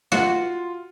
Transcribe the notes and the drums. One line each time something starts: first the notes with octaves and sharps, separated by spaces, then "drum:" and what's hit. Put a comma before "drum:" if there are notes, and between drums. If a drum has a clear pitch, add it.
F4 F#4, drum: snare